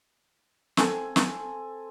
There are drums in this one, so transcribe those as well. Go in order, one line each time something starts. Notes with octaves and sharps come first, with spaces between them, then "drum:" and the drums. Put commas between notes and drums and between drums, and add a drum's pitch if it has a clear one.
C4 A4 G#5, drum: snare
drum: snare